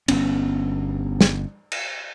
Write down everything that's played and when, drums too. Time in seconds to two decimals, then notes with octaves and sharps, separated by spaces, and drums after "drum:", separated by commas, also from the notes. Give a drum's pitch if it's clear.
0.08 G1 B3 C#4, drum: cymbal
1.21 drum: snare
1.72 drum: cymbal